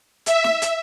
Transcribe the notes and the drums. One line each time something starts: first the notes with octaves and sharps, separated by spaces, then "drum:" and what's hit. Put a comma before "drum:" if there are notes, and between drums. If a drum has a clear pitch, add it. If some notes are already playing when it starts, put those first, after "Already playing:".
E5, drum: hi-hat
drum: snare
drum: hi-hat